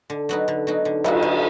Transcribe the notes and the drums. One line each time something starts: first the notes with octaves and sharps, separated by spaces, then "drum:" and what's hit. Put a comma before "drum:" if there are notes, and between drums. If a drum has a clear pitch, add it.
D3
F#3 B3 D#4
D3
F#3 B3 D#4
D3
F#3 B3 D#4, drum: cymbal
D3